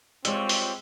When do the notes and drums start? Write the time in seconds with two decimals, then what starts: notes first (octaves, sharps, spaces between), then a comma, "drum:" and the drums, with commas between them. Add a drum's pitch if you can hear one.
0.25 G3 G#3 C4 F4 C#5 E6, drum: hi-hat
0.49 drum: open hi-hat